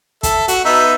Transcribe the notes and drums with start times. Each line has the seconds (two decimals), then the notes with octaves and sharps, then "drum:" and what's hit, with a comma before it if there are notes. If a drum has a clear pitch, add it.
0.23 A4 E5, drum: kick, hi-hat
0.48 F#4, drum: hi-hat
0.65 B3 D#4 E5